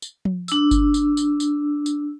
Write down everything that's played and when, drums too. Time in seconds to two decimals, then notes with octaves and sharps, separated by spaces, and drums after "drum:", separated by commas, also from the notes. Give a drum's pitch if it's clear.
0.02 drum: tambourine
0.25 drum: tom F3
0.48 D4 E6, drum: tambourine
0.71 drum: kick G1, tambourine
0.94 drum: tambourine
1.17 drum: tambourine
1.40 drum: tambourine
1.86 drum: tambourine